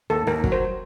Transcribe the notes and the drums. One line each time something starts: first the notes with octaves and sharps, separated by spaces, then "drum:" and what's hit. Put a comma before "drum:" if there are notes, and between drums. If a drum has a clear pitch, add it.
D#2 A4
D#2 A#4
F#3, drum: kick
C5